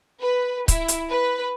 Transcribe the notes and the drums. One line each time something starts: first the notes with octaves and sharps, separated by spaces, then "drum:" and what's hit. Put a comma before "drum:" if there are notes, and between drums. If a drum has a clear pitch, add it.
B4
E4, drum: kick C#1, hi-hat
drum: hi-hat
B4